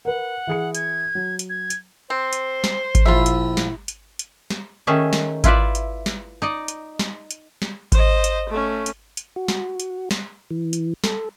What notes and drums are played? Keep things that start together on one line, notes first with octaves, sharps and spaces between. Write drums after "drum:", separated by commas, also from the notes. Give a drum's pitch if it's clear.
A#4 B4 F#5
E3 G#4 C#7
G#6, drum: hi-hat
F#3
drum: hi-hat
G#6
drum: hi-hat
C4 C5
drum: hi-hat
drum: snare
drum: kick G#1, hi-hat
A#1 F3 E4 F4 E5
drum: hi-hat
drum: snare
drum: hi-hat
drum: hi-hat
drum: snare
D#3 A3 C#4 D#4 G#4 E5
drum: snare
E4 F4 B4 D5 E5, drum: kick G#1, hi-hat
drum: hi-hat
drum: snare
D#4 D5 D#5
drum: hi-hat
drum: snare
drum: hi-hat
drum: snare
C5 D#5, drum: kick G#1, hi-hat
drum: hi-hat
A3 C#4
drum: hi-hat
drum: hi-hat
F#4
drum: snare
drum: hi-hat
drum: snare
E3
drum: hi-hat
A4, drum: snare